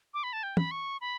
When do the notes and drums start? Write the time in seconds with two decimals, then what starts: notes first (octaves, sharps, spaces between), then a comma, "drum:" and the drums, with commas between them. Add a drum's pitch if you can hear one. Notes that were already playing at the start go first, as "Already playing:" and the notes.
0.14 D6
0.23 B5
0.33 A5
0.43 G5
0.57 B5, drum: tom
0.71 C#6
1.01 B5